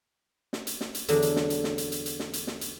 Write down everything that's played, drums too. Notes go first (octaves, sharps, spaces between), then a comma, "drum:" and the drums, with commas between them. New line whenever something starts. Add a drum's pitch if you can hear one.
drum: snare
drum: hi-hat
drum: snare
drum: hi-hat
E2 D3 F#3 D4, drum: hi-hat
drum: hi-hat
drum: snare
drum: hi-hat
drum: snare
drum: hi-hat
drum: hi-hat
drum: hi-hat
drum: snare
drum: hi-hat
drum: snare
drum: hi-hat